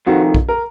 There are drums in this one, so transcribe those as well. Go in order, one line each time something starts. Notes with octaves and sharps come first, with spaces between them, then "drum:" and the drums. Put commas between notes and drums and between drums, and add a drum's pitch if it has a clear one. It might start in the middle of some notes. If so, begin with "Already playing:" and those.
F2 C3 D#3 F#4
drum: kick
A#4